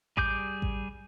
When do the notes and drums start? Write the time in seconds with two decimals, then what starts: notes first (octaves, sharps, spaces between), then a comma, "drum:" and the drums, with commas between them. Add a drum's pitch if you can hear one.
0.17 G3 G#4 D6 G6, drum: kick A1
0.62 drum: kick A1